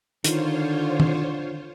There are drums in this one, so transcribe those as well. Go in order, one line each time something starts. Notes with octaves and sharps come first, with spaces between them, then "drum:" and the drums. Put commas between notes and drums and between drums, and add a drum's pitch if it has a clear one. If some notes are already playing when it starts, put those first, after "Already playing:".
D3 D#3 F4 C5 C#5, drum: hi-hat
drum: tom